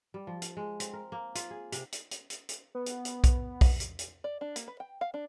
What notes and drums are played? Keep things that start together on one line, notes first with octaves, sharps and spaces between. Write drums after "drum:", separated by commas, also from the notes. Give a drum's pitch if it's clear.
G3
F3
F5, drum: hi-hat
G#3
C4, drum: hi-hat
A#4
A#3
F4, drum: hi-hat
G#4
C3, drum: hi-hat
drum: hi-hat
drum: hi-hat
drum: hi-hat
drum: hi-hat
B3
drum: hi-hat
drum: hi-hat
drum: kick B1, hi-hat
drum: kick B1, open hi-hat
drum: hi-hat
drum: hi-hat
D5
D4
A#3, drum: hi-hat
B4
G5
F5
D4